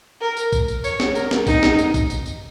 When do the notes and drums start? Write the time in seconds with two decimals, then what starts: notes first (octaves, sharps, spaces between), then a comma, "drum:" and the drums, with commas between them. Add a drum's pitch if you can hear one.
0.21 A#4
0.37 drum: tambourine
0.52 drum: kick A#1, tambourine
0.68 drum: tambourine
0.84 C#5, drum: tambourine
1.00 drum: snare
1.15 A#4, drum: tambourine
1.31 drum: snare
1.47 D#4, drum: kick A#1, tambourine
1.63 drum: snare
1.78 drum: tambourine
1.94 drum: kick A#1, tambourine
2.10 drum: tambourine
2.26 drum: tambourine